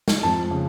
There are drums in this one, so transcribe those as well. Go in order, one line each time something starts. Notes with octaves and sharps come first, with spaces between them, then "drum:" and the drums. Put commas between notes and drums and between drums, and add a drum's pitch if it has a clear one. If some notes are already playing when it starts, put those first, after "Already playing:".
drum: snare
F2 A5
C#3